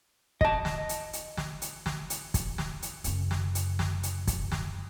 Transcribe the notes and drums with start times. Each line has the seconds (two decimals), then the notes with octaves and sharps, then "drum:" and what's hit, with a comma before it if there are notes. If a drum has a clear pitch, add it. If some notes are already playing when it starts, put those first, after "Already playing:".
0.41 D#5 A5, drum: kick
0.65 drum: snare
0.89 drum: hi-hat
1.13 drum: hi-hat
1.37 drum: snare
1.62 drum: hi-hat
1.86 drum: snare
2.10 drum: hi-hat
2.34 drum: kick, hi-hat
2.58 drum: snare
2.82 drum: hi-hat
3.04 F#2 C#3, drum: hi-hat
3.31 drum: snare
3.55 drum: hi-hat
3.79 drum: snare
4.03 drum: hi-hat
4.27 drum: kick, hi-hat
4.52 drum: snare